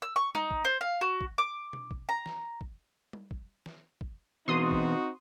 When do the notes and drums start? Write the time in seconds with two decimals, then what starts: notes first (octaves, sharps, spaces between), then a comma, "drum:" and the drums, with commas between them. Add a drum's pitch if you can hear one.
0.02 E6
0.16 C#6
0.35 D#4, drum: tom G3
0.51 drum: kick
0.65 C5
0.81 F5
1.01 F#4
1.21 drum: kick
1.38 D6
1.73 drum: tom B2
1.91 drum: kick
2.09 A#5
2.26 drum: snare
2.61 drum: kick
3.13 drum: tom G3
3.31 drum: kick
3.66 drum: snare
4.01 drum: kick
4.48 B2 E3 C4 D#4 F#4 C6 D#6
4.71 drum: kick